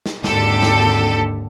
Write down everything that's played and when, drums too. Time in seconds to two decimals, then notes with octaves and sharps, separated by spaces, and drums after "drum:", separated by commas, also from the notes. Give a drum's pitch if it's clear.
0.06 drum: snare
0.24 G#1 D#2 D3 G4 A4, drum: snare
0.63 drum: snare